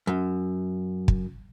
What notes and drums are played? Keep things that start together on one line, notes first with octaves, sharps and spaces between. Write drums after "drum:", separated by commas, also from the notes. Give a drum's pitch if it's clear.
F#2
drum: kick